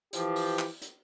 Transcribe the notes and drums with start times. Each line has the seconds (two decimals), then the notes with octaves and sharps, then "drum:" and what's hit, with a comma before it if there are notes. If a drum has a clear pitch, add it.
0.13 E3 F3 G4, drum: hi-hat
0.36 drum: open hi-hat
0.59 drum: clap
0.82 drum: hi-hat